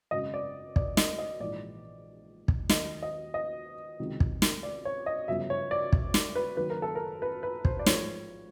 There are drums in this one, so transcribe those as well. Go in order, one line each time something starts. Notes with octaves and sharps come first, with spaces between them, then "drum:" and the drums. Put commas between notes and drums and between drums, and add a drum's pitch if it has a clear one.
G#1 F#2 C#3 F#3 D#5
D5
D5, drum: kick
D#5, drum: snare
D#5
A#1 G#2 E3 D5
drum: kick
D#2 D#3 F#3 D#5, drum: snare
D#5
D#5
C#2 C3 D#3 F#3
drum: kick
drum: snare
D5
C#5
D#5
G1 F#2 C#3 F3 E5
C#5
D5
drum: kick
drum: snare
B4
F#1 F#2 D#3 B4
A#4
A4
A#4
B4
B4
C5, drum: kick
D5
A1 G#2 F3 C#5, drum: snare